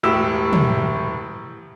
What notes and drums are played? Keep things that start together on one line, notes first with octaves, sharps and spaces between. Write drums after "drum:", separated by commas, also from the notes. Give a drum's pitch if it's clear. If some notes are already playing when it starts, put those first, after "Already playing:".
E1 A2 G4 E6 E7
drum: tom